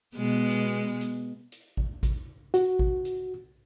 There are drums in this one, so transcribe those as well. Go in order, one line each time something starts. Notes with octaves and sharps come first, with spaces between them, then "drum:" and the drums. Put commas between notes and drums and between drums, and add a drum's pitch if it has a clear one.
B2 G#3 B3
drum: hi-hat
drum: hi-hat
drum: hi-hat
drum: kick G#1
drum: kick G#1, hi-hat
F#4, drum: hi-hat
drum: kick G#1
drum: hi-hat